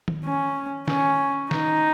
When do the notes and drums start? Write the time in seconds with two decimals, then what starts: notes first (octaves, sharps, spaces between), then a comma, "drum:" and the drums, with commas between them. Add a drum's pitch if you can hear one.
0.08 drum: tom D#3
0.24 C#4
0.88 C#4, drum: snare
1.51 D#4, drum: snare